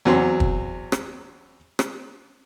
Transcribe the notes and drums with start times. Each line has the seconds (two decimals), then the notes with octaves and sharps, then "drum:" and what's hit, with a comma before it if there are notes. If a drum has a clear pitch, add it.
0.05 E2 F#3 C4
0.40 drum: kick
0.92 drum: rim click
1.79 drum: rim click